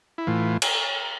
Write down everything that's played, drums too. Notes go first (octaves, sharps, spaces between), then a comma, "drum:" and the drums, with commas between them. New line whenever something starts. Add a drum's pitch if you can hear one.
E4
A2 E3 F4
drum: cymbal